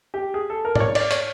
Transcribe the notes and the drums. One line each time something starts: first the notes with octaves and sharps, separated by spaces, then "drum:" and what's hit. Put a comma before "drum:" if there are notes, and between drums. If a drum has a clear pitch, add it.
G4
G#4
A4
A#4
D5, drum: tom G#2
C#5
D5, drum: cymbal
C#5, drum: hi-hat